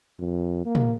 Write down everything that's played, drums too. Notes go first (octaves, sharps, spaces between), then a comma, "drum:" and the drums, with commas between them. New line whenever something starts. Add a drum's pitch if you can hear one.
F2
A#3
drum: tom